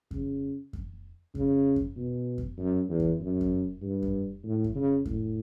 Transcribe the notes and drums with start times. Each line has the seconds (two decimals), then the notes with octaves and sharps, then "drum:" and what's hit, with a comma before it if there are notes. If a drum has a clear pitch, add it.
0.11 C#3, drum: kick F2
0.73 drum: kick F2
1.35 C#3, drum: kick F2
1.76 drum: kick F2
1.97 B2
2.38 drum: kick F2
2.58 F#2
2.89 E2
3.00 drum: kick F2
3.21 F#2
3.41 drum: kick F2
3.82 G2
4.03 drum: kick F2
4.44 A2
4.64 drum: kick F2
4.75 C#3
5.05 A2, drum: kick F2